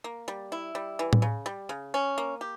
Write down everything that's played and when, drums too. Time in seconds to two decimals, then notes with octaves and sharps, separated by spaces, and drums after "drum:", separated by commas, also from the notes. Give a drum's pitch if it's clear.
0.04 A#3
0.28 G3
0.52 E4
0.75 G3
0.99 E3
1.13 drum: tom A2
1.22 C#3
1.46 G3
1.69 C#3
1.94 C#4
2.18 A#3
2.41 G4